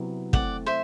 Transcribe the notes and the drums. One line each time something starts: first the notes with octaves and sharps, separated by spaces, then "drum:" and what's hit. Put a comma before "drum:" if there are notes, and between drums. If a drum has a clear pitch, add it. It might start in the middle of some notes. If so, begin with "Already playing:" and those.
Already playing: C3 F#3 B3 E4
A3 C4 E4 D5 F#5, drum: kick
C5 E5